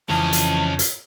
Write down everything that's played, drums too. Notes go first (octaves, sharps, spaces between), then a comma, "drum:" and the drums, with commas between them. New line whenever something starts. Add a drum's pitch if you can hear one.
F2 C#3 E3 F3 C#4 D#5 G#5 A5
drum: hi-hat
drum: hi-hat